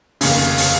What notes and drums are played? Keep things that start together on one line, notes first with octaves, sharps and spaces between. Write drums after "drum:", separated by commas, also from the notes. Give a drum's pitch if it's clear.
F1 D#2 C#3, drum: open hi-hat
drum: open hi-hat